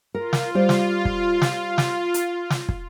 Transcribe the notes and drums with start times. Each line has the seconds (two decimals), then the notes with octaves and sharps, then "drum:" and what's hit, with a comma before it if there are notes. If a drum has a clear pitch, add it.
0.15 F4 A#4
0.33 drum: snare
0.55 G3 C5 D5
0.69 drum: snare
1.05 drum: kick
1.42 drum: snare
1.78 drum: snare
2.14 drum: hi-hat
2.50 drum: snare
2.69 drum: kick